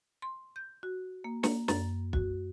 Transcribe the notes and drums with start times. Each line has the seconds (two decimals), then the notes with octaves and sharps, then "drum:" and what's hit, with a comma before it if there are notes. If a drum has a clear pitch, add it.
0.22 C6
0.56 G6
0.83 F#4
1.24 A#3
1.43 A#3, drum: snare
1.68 F#2, drum: snare
2.13 F#4, drum: kick